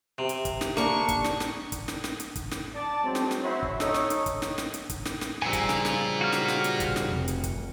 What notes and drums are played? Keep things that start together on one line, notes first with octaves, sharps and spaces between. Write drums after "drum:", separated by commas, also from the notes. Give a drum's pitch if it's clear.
C3
drum: hi-hat
drum: kick, hi-hat
drum: snare
A#3 D4 C#6, drum: snare
drum: kick, hi-hat
drum: snare
drum: snare
drum: kick, hi-hat
drum: snare
drum: snare
drum: hi-hat
drum: kick, hi-hat
drum: snare
D5 A5
F#3 G#3 C4
drum: snare
drum: snare
E4 F#4 C5 C#5 E5
drum: kick
D#4 A4 C#5, drum: snare
drum: snare
drum: hi-hat
drum: kick, hi-hat
drum: snare
drum: snare
drum: hi-hat
drum: kick, hi-hat
drum: snare
drum: snare
A#2 C#3 F3 G3 G#5 E6
drum: kick, hi-hat
drum: snare
drum: snare
F#4 F6
drum: snare
drum: snare
drum: hi-hat
drum: kick, hi-hat
drum: snare
F1 F2
drum: hi-hat
drum: kick, hi-hat